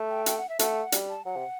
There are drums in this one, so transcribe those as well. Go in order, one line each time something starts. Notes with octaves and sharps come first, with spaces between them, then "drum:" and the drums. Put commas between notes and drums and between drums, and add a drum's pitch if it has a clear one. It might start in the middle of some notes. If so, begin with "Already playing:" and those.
Already playing: A3
G5
G5, drum: hi-hat
F#5
E5
A3 F#5, drum: hi-hat
G3, drum: hi-hat
A5
F#3 F#5
C3